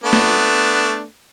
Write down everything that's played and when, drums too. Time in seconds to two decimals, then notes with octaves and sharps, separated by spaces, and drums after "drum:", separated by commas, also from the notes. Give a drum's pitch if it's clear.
0.04 A3 B3 D4
0.13 drum: snare